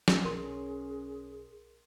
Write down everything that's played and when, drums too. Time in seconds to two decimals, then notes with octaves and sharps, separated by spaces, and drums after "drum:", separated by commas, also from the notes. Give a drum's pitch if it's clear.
0.08 drum: snare
0.25 B1 C#4 G#4 A#4 C6